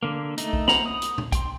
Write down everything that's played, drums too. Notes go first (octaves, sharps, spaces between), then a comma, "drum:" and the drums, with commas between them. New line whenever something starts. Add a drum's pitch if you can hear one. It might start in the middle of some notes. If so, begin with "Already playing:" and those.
D3 A#3
A3 D#4, drum: hi-hat
drum: kick B1
C5 F#5 A#5 B5, drum: snare A#3
D#6
drum: hi-hat
drum: tom A#2
G5 C6, drum: kick B1, hi-hat